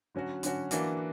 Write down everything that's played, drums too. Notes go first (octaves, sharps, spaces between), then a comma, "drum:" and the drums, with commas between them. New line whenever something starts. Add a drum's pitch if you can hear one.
D3 F#3 C#4 F#4
D3 F#3 C#4 F#4, drum: hi-hat
E3 A#3 D4 F#4, drum: hi-hat